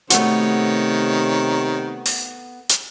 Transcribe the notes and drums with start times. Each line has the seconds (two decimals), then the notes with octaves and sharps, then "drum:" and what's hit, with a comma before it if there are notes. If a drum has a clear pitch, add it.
0.10 C3 D#3 A3 B3 F#4 C#5, drum: hi-hat
2.06 drum: open hi-hat
2.69 drum: hi-hat